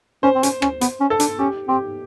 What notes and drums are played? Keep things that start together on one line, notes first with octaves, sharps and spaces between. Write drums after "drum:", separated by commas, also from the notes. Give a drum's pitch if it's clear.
C#4 C5
C4
C#4, drum: hi-hat
C#4, drum: rim click
B3, drum: hi-hat
C#4
A4
D4, drum: hi-hat
C#4 G4
C4 G4